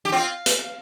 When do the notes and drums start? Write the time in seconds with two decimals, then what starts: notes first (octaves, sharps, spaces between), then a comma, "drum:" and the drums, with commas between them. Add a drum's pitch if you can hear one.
0.05 G4
0.12 C4 F4 F5 G5
0.46 drum: hi-hat